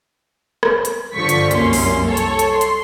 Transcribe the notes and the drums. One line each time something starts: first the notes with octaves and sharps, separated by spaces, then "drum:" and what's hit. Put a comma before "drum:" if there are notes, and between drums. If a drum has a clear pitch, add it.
drum: rim click
drum: hi-hat
G2 D3 F3 C#6 B6
drum: hi-hat
C2 F#2 A#3 C#4 C6, drum: hi-hat
drum: open hi-hat
A4 C#5
drum: hi-hat
drum: hi-hat
C6
drum: hi-hat